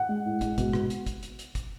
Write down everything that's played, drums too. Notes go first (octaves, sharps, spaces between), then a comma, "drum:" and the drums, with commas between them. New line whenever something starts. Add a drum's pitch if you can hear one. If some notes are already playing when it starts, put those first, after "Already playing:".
Already playing: F#5
G#3
A2
G#3, drum: kick, hi-hat
B2, drum: kick, hi-hat
B2, drum: rim click
drum: hi-hat
drum: kick, hi-hat
drum: hi-hat
drum: hi-hat
drum: kick, hi-hat